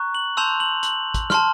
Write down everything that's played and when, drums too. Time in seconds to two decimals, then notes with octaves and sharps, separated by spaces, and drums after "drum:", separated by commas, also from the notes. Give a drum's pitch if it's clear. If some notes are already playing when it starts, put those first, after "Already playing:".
Already playing: A#5 C#6 F#6
0.15 F#7
0.37 A5 C6 E6 G6 F7
0.60 F#7
0.83 F#7, drum: hi-hat
1.14 drum: kick, hi-hat
1.30 A5 C6 F6, drum: snare